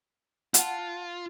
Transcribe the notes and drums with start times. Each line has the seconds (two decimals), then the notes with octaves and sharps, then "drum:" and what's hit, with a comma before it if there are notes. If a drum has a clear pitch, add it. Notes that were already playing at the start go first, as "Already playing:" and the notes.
0.54 F4 F#5 A5, drum: hi-hat